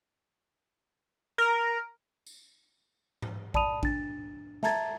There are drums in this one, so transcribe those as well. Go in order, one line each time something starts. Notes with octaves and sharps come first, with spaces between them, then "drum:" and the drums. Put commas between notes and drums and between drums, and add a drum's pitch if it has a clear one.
A#4
drum: tambourine
drum: tom G#2
D5 A5 B5 D#6 D#7 F7, drum: kick A1
D4 A6, drum: kick A1
E5 A5 A#5 G#6 A6, drum: snare